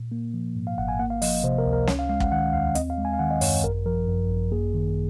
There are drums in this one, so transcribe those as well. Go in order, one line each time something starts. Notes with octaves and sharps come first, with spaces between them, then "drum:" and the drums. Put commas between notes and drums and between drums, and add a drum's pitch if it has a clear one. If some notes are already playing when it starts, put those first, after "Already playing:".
Already playing: A#2
A#3
F3
G#2
F5
G#1 F#5
G#5
A#3 F#5
F5
F3 D#5, drum: open hi-hat
C3 C5
A#4
C#2
A#4
C#4 C#5, drum: snare
F5
G#3 F5
F#5, drum: kick
D#3 F#5
D#2 F5
C4 D#5, drum: hi-hat
F5
G#3
G#5
F5
D#3 F#5
D#5
F#2 C#5, drum: open hi-hat
G#1 A#4
F3 A#4
F#2
G#1
A#3 G#4
D#3